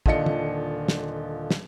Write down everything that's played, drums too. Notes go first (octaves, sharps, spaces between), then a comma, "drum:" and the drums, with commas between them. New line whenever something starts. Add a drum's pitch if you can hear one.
D#1 D3 F4 D#5 C#7, drum: kick
drum: tom
drum: snare
drum: snare